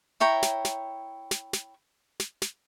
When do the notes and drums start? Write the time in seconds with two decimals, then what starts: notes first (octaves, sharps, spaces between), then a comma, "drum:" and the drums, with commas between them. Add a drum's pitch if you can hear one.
0.20 E4 C#5 G5 A#5
0.43 drum: snare
0.65 drum: snare
1.31 drum: snare
1.53 drum: snare
2.20 drum: snare
2.42 drum: snare